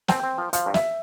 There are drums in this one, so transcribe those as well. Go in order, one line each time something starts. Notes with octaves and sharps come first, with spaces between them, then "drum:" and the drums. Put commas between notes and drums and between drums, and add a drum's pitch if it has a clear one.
C4 G5, drum: snare
C4
F3
F3 F5, drum: hi-hat
G2
E5, drum: snare